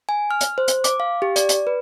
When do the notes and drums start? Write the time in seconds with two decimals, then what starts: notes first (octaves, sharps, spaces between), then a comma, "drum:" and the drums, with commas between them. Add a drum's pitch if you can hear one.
0.09 G#5
0.31 F6
0.41 drum: hi-hat
0.58 C5
0.68 drum: hi-hat
0.84 D6, drum: hi-hat
1.00 F5
1.22 G4
1.36 D5, drum: hi-hat
1.49 drum: hi-hat
1.67 B4